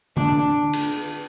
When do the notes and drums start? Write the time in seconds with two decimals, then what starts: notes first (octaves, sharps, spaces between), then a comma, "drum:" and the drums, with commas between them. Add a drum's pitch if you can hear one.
0.17 D4, drum: tom D3
0.73 drum: cymbal